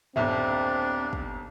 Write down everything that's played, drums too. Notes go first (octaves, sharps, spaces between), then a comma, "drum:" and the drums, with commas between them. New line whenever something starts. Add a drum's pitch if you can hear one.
D#1 B1 C4 D4 E5, drum: tom G2
drum: kick